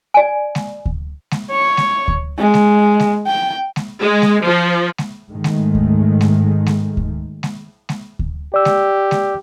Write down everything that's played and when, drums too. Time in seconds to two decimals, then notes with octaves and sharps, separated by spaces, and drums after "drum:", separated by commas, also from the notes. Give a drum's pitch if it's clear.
0.14 D5 G#5
0.55 drum: snare G#3
0.86 drum: kick D2
1.31 drum: snare G#3
1.51 C#5
1.77 drum: snare G#3
2.08 drum: kick D2
2.39 G#3
2.54 drum: snare G#3
3.00 drum: snare G#3
3.27 G5
3.76 drum: snare G#3
4.00 G#3
4.22 drum: snare G#3
4.45 F3
4.98 drum: snare G#3
5.29 G#2 D#3 G#3 A3
5.44 drum: snare G#3
5.75 drum: kick D2
6.21 drum: snare G#3
6.66 drum: snare G#3
6.97 drum: kick D2
7.43 drum: snare G#3
7.89 drum: snare G#3
8.19 drum: kick D2
8.54 G4 D5 E6
8.65 drum: snare G#3
9.11 drum: snare G#3